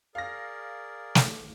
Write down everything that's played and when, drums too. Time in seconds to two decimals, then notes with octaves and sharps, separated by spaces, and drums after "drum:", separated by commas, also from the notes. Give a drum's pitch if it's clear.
0.15 G#4 A#4 D5 F5 A#6
1.15 drum: snare